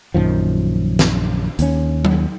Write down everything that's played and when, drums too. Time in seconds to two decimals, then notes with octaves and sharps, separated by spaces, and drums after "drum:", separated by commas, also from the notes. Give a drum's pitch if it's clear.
0.14 A#1 F#2 D#3 F3
0.99 drum: snare
1.59 D#2 C#4, drum: hi-hat
2.05 drum: tom F#3